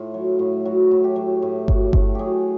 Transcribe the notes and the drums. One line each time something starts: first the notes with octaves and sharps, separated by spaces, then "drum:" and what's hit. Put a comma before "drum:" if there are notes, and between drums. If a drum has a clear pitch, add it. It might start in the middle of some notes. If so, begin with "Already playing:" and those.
Already playing: A2 F4
F#3
A2
F#3 F#4
A2
G4
F#3
A2
F#3, drum: kick G1
A2, drum: kick G1
F#3 G4 G#4